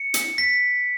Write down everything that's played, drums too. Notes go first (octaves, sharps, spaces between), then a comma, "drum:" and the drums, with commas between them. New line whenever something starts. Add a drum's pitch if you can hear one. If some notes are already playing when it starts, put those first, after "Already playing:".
Already playing: C#7
drum: hi-hat
B6